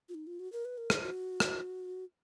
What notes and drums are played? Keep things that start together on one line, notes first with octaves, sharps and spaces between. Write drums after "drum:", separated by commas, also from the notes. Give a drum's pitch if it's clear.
F4
D#4
F4
F#4
A#4
B4
A#4
G#4, drum: rim click
F#4
drum: rim click